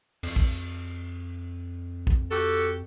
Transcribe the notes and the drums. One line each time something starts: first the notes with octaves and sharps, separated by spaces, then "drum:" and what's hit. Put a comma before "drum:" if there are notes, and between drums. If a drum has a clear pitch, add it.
F2, drum: cymbal
drum: kick
drum: kick
F#4 G4 A4, drum: hi-hat